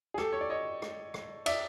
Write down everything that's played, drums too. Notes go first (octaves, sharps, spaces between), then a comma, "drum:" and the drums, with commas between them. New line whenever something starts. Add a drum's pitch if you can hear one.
G#4
G4 A4, drum: rim click
C#5
D5
C#5 D#5
drum: rim click
drum: rim click
D5 E5, drum: cymbal